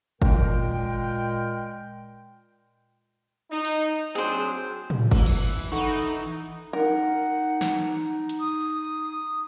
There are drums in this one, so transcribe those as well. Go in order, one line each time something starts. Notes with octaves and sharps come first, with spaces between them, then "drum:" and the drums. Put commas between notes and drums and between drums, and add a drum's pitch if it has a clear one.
A#2 G#3 A#4 G5, drum: kick G1
D#4
drum: hi-hat
F#3 C4 D4 G#4 C5
drum: tom A2
E3, drum: kick G1
drum: cymbal
E3 D#4 A4 F#5 B5 C#6
D#4 A#4 F#5
drum: snare
drum: hi-hat
D#6